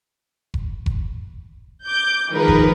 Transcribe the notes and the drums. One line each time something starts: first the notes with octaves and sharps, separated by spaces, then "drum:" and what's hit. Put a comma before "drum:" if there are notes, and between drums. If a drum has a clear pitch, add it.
drum: kick F1
drum: kick F1
D6 G6
D#3 F3 G#3 D#4 A#4 B4
drum: kick F1